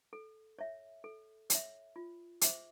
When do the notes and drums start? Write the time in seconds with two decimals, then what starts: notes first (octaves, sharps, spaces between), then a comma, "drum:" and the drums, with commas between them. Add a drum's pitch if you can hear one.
0.13 A4
0.59 C#5 E5
1.04 A4
1.50 C#5 E5, drum: hi-hat
1.96 F4
2.41 G#4 C5 E5, drum: hi-hat